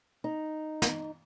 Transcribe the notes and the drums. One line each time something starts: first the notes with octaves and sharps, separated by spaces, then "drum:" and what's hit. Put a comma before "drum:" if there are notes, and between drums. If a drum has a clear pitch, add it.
D#4
drum: snare